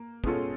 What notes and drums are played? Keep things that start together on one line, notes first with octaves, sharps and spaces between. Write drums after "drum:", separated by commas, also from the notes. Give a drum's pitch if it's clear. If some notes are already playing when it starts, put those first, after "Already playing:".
Already playing: A#3
B2 G#3 C#4 F4 A4, drum: kick